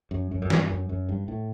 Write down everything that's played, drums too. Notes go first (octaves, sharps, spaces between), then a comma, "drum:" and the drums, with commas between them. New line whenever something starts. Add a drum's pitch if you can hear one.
F#2
F#2
F#2
G2, drum: snare
F#2
F#2
G2
A2